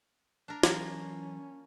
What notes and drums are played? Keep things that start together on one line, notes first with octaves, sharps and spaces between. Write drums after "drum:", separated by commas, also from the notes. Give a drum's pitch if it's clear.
D4 A#4
E3 F#3 A#3 C#4 F4, drum: snare